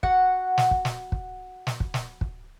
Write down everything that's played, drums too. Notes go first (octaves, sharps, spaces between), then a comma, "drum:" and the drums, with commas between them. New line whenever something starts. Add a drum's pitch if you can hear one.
F#4 F#5, drum: kick
drum: snare
drum: kick
drum: snare
drum: kick
drum: snare
drum: kick
drum: snare
drum: kick